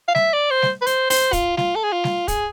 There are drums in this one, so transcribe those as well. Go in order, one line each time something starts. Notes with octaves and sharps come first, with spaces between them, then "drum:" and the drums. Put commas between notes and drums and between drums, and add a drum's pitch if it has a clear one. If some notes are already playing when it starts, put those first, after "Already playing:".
F5
E5, drum: snare G3
D5
C5
drum: snare G3
B4
C5, drum: hi-hat
C5, drum: open hi-hat
F4, drum: kick, hi-hat
F4, drum: snare G3
A4
G#4
F4
drum: snare G3
G#4, drum: kick, hi-hat